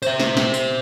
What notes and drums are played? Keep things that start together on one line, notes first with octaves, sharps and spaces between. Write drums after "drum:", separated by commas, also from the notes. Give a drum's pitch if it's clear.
C5 E5, drum: tambourine
drum: snare
drum: snare
drum: tambourine